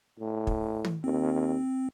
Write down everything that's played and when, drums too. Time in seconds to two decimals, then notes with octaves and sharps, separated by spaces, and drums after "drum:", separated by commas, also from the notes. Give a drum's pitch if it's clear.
0.20 A2
0.47 drum: kick
0.85 drum: tom
1.04 D#2 C4